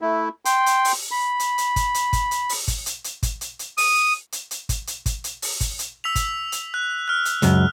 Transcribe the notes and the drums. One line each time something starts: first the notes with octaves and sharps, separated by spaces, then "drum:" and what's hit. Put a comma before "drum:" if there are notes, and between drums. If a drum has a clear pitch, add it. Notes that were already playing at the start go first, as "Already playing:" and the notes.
A3 E4
G5 C6, drum: hi-hat
drum: hi-hat
drum: open hi-hat
B5
drum: hi-hat
drum: hi-hat
drum: kick, hi-hat
drum: hi-hat
drum: kick, hi-hat
drum: hi-hat
drum: open hi-hat
drum: kick, hi-hat
drum: hi-hat
drum: hi-hat
drum: kick, hi-hat
drum: hi-hat
drum: hi-hat
D#6, drum: open hi-hat
drum: hi-hat
drum: hi-hat
drum: kick, hi-hat
drum: hi-hat
drum: kick, hi-hat
drum: hi-hat
drum: open hi-hat
drum: kick, hi-hat
drum: hi-hat
E6 B6 F7
drum: kick, hi-hat
drum: hi-hat
F#6
F6 F#6
drum: hi-hat
C#2 F#2, drum: hi-hat